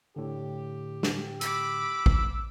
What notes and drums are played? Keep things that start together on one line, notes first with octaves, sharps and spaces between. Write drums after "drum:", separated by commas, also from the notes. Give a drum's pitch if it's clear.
A2 D3 G4
drum: snare
B5 D6 E6, drum: hi-hat
drum: kick A1